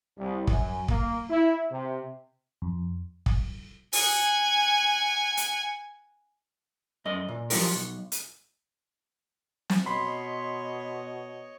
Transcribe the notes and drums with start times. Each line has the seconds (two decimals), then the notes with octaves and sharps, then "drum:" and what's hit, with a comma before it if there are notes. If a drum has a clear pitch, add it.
0.18 C2
0.47 F#2, drum: kick
0.88 A#3, drum: kick
1.30 E4
1.71 C3
2.62 F2
3.26 drum: kick
3.93 F#5 G#5, drum: open hi-hat
5.37 drum: hi-hat
7.05 F#2 D#5
7.29 A#2
7.50 F3 F#3 G#3 F#4 G4 A#4, drum: open hi-hat
7.74 B1
8.12 drum: hi-hat
9.70 drum: snare
9.86 B2 C#5 D#5 B5 C6